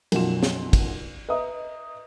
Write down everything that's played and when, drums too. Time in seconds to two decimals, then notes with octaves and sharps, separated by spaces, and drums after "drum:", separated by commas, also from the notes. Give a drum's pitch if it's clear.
0.12 B1 F#2 F3 F#3 F4 E7, drum: cymbal
0.43 drum: snare
0.73 drum: kick, cymbal
1.29 B4 D#5 E5 A#5 D#6